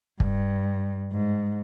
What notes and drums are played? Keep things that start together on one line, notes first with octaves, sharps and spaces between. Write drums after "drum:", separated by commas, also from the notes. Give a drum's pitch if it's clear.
G2, drum: kick
G#2